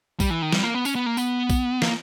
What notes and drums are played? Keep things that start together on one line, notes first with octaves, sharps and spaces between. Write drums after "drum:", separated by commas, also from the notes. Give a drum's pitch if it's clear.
G3, drum: kick A#1, tambourine
E3
D#3
G3, drum: snare
A#3
B3
C#4, drum: tambourine
B3
A#3
B3, drum: tambourine
drum: kick A#1, tambourine
A#3, drum: snare